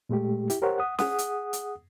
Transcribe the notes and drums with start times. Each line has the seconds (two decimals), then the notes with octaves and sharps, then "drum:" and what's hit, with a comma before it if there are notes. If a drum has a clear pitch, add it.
0.09 A#2 G#3 A3 G4
0.50 E4 G4, drum: hi-hat
0.62 G4 A#4 C5 C#5 F#5
0.78 F#5 D#6
0.99 G#4 F#5 D#6, drum: snare
1.18 drum: hi-hat
1.53 drum: hi-hat